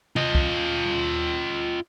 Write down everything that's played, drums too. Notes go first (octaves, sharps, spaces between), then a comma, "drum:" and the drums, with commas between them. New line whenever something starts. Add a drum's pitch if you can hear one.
F4 D#5, drum: tom C3
drum: kick